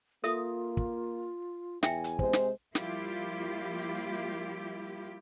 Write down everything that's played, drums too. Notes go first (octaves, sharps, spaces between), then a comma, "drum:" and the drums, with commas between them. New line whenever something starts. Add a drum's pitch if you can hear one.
A#3 F4 A4 E5 D#6, drum: hi-hat
drum: kick
E2 E5 G5 G#5, drum: snare
drum: hi-hat
C3 G#3 C5, drum: kick
drum: snare
F3 G3 A#3 E4 F4 G4, drum: snare